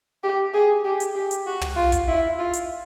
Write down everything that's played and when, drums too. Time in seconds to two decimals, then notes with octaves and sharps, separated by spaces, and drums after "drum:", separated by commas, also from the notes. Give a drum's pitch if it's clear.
0.23 G4
0.54 G#4
0.84 G4
1.00 drum: hi-hat
1.15 G4
1.31 drum: hi-hat
1.47 F#4
1.61 drum: tom
1.76 F4
1.92 drum: kick, hi-hat
2.08 E4
2.39 F4
2.53 drum: hi-hat